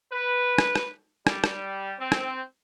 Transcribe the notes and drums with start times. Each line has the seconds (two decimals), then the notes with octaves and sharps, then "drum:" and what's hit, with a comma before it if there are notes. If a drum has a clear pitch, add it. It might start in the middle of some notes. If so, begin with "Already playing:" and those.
0.13 B4
0.58 drum: rim click
0.76 drum: rim click
1.27 G3, drum: rim click
1.44 drum: rim click
1.99 C4
2.12 drum: rim click